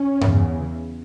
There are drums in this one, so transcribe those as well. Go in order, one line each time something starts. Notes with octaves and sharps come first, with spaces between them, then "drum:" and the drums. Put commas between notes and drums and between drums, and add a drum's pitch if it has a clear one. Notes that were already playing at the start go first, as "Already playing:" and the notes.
Already playing: C#4
E2 C#3, drum: tom G2